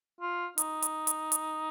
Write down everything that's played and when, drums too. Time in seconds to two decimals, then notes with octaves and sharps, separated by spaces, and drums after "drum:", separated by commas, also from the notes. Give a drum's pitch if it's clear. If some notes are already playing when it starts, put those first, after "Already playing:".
0.21 F4
0.58 D#4, drum: hi-hat
0.82 drum: hi-hat
1.07 drum: hi-hat
1.32 drum: hi-hat